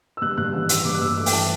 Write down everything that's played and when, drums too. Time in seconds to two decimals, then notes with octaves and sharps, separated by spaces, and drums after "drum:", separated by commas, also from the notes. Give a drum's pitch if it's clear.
0.17 E6
0.21 G2 F#6
0.37 G2 F#6
0.53 A1 E6
0.69 A1 E6, drum: hi-hat
0.85 G2 D6
0.94 F#6
1.01 G2 E6
1.17 A3 D6
1.26 G5, drum: open hi-hat
1.33 E3 A5